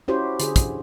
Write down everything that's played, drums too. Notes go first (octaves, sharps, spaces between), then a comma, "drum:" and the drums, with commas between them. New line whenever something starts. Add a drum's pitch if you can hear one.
C#4 E4 F#4 G4 C5
D3 G#4, drum: hi-hat
drum: kick, hi-hat